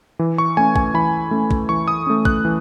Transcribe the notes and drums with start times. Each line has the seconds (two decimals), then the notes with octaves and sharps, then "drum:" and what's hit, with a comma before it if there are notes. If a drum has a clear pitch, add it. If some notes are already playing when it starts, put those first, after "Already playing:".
0.19 E3
0.38 C#6
0.57 A3 C#4 G#5
0.76 G#5, drum: kick
0.94 E3 B5
1.31 A3 C#4
1.51 drum: kick
1.69 E3 C#6
1.88 D#6
2.07 A3 C#4
2.25 F#6, drum: kick
2.45 E3